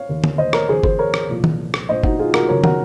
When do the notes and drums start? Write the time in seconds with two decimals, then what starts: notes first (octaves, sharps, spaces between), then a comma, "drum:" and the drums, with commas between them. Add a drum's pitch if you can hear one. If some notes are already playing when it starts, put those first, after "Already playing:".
Already playing: C#5 F5
0.09 D#2 D#3
0.24 drum: tom D3
0.38 C5 D#5
0.53 A#4 C#5, drum: rim click
0.68 D#2 C#3 F3 G#4 C5
0.84 G#4 C5, drum: kick G1
0.99 A#4 C#5
1.14 drum: rim click
1.29 C2 A#2 F3
1.44 drum: tom
1.74 drum: rim click
1.89 A#1 A#2 F3 C5 D#5
2.04 D#4 F#4, drum: kick G1
2.19 F4 G#4
2.34 F#4 A#4, drum: rim click
2.48 F#1 F#2 D#3 A#4 C#5
2.64 F#4 A#4, drum: tom